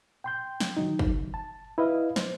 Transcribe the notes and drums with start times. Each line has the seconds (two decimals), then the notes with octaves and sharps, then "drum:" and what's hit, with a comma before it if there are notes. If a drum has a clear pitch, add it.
0.24 G5 C6 G6
0.60 drum: snare
0.77 D#3 F#3 D#4
0.99 drum: kick
1.34 A5
1.78 E4 B4 D#5 F5
2.16 C5, drum: snare